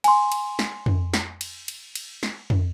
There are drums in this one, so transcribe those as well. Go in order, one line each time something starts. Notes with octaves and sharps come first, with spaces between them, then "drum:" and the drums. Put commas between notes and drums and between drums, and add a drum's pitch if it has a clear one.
G#5 C6, drum: cymbal
drum: cymbal
drum: snare
drum: tom F2
drum: snare
drum: cymbal
drum: cymbal
drum: cymbal
drum: snare
drum: tom F2